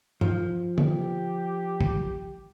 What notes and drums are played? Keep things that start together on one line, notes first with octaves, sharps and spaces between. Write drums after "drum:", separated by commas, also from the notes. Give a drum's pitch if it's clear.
F3, drum: tom G2
G4, drum: tom D3
drum: kick